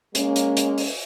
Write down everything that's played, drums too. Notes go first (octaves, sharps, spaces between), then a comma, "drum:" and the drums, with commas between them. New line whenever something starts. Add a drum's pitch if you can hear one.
G#3 A#3 C#4, drum: hi-hat
drum: hi-hat
drum: hi-hat
drum: open hi-hat